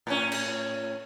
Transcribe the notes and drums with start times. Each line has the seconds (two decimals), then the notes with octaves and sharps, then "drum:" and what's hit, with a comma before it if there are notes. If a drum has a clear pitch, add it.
0.07 A2 C#4
0.32 drum: cymbal